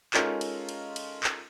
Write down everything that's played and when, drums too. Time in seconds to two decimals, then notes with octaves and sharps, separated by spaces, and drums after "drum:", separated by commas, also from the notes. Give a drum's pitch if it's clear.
0.14 G#3 C#4 D#4 F4 A4 A#4, drum: clap
0.41 drum: cymbal
0.69 drum: cymbal
0.96 drum: cymbal
1.24 drum: clap